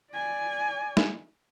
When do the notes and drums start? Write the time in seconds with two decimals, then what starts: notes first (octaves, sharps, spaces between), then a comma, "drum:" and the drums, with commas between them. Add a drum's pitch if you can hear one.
0.13 D5 G#5
0.97 drum: snare